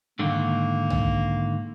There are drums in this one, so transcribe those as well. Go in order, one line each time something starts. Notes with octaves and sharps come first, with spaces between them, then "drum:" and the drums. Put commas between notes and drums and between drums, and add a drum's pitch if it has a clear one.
G#2 D3 D#3 A#3
drum: tom